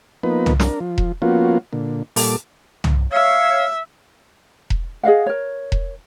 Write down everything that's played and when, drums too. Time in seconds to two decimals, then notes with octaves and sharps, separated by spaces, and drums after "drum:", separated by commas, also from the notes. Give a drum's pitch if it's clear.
0.23 F3 A#3 B3 D#4 B4
0.46 drum: tom C2
0.60 D4 A#4, drum: snare
0.80 F3
0.98 drum: kick E1
1.22 F3 A#3 B3 C#4 F4 F#4
1.73 A#2 D3
2.16 A#2 G3 A4 D6, drum: open hi-hat
2.84 drum: tom C2
3.12 C#5 E5 F5
4.70 drum: kick E1
5.03 G#4 D#5 F5 F#5
5.26 A#4 C#5
5.72 drum: kick E1